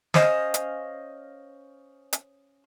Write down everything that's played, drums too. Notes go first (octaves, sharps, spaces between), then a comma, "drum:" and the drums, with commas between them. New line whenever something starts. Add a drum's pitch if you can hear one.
C#4 C5 D#5 F5, drum: snare
drum: hi-hat
drum: hi-hat